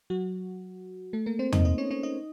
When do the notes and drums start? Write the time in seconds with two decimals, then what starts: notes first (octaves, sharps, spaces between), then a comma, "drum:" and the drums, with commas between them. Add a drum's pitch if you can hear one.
0.10 F#3 F#4
1.13 A3 A4
1.26 A#3 A#4
1.39 C4 C5
1.52 D#4 D#5, drum: tom E2
1.65 D#4 D#5
1.78 C#4 C#5
1.90 C#4 C#5
2.03 D#4 D#5